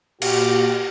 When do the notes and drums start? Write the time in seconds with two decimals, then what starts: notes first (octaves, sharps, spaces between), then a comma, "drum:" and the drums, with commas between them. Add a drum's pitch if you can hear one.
0.22 A#2 F#4 G4, drum: cymbal